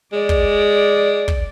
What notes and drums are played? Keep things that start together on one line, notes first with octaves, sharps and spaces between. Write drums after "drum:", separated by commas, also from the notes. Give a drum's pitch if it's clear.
G#3 D5
drum: kick
drum: kick